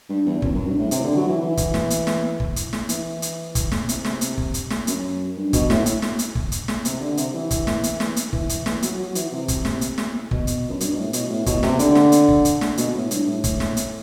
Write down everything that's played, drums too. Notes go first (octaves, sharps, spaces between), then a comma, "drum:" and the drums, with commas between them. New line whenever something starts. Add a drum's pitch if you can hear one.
G2
E2
F#2, drum: kick
F#2
G2
A2
C3, drum: hi-hat
D3
F#3
E3
E3
drum: kick, hi-hat
drum: snare
drum: hi-hat
drum: snare
drum: kick
drum: hi-hat
drum: snare
E3, drum: hi-hat
drum: hi-hat
drum: kick, hi-hat
drum: snare
C3, drum: hi-hat
drum: snare
drum: hi-hat
drum: kick
drum: hi-hat
drum: snare
F#2, drum: hi-hat
G2
B2, drum: kick, hi-hat
A2, drum: snare
drum: hi-hat
drum: snare
drum: hi-hat
drum: kick
drum: hi-hat
drum: snare
C3, drum: hi-hat
D3
C3, drum: hi-hat
E3
drum: kick, hi-hat
drum: snare
drum: hi-hat
drum: snare
drum: hi-hat
E3, drum: kick
drum: hi-hat
drum: snare
F#3, drum: hi-hat
F#3
E3, drum: hi-hat
C3
drum: kick, hi-hat
drum: snare
drum: hi-hat
drum: snare
B2, drum: kick
drum: hi-hat
F#2
G2, drum: hi-hat
B2
A2
B2, drum: hi-hat
A2
B2, drum: kick, hi-hat
C3, drum: snare
D3, drum: hi-hat
drum: snare
drum: hi-hat
drum: kick
drum: hi-hat
drum: snare
B2, drum: hi-hat
A2
G2, drum: hi-hat
A2
drum: kick, hi-hat
drum: snare
drum: hi-hat